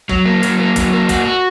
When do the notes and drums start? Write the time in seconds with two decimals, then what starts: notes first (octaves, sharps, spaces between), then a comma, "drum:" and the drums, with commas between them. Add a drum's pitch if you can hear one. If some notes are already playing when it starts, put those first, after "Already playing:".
0.09 F#3, drum: kick
0.25 A#3
0.43 F#3, drum: hi-hat
0.59 A#3
0.76 F#3, drum: kick, hi-hat
0.93 A#3
1.09 F#4, drum: kick, hi-hat
1.25 F#4